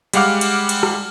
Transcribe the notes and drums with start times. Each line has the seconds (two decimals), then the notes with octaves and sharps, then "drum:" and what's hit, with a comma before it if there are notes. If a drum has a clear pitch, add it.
0.13 G3 G#3 F5 F#5 D6 F6, drum: cymbal
0.41 drum: cymbal
0.69 drum: cymbal
0.83 drum: rim click